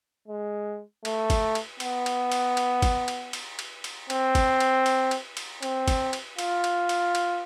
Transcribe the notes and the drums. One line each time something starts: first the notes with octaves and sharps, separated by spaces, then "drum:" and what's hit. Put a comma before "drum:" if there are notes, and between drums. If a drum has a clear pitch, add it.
G#3
A3, drum: cymbal
drum: kick, cymbal
drum: cymbal
B3, drum: cymbal
drum: cymbal
drum: cymbal
drum: cymbal
drum: kick, cymbal
drum: cymbal
drum: cymbal
drum: cymbal
drum: cymbal
C4, drum: cymbal
drum: kick, cymbal
drum: cymbal
drum: cymbal
drum: cymbal
drum: cymbal
C4, drum: cymbal
drum: kick, cymbal
drum: cymbal
F4, drum: cymbal
drum: cymbal
drum: cymbal
drum: cymbal